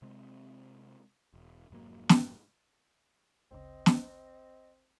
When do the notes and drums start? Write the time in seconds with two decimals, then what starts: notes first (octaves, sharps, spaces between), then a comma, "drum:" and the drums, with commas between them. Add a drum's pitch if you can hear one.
0.02 C3 G#3 C4
1.34 E1
1.70 F1 G#2 F#3 A#3
2.09 drum: snare
3.51 G#1 D2 C#3 C4 D#5
3.86 drum: snare